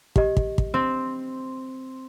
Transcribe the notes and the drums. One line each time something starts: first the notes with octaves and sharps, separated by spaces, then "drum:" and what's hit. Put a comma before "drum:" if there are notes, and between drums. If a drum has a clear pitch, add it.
G4 D#5, drum: kick
drum: kick
drum: kick
C4